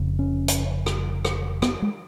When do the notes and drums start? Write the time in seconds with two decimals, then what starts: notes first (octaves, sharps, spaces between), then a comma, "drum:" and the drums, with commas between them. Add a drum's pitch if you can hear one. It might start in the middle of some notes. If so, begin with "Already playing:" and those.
Already playing: F1 F2 C#3
0.19 C#4
0.48 drum: hi-hat
0.86 drum: rim click
1.25 drum: rim click
1.62 B3, drum: rim click
1.82 G#3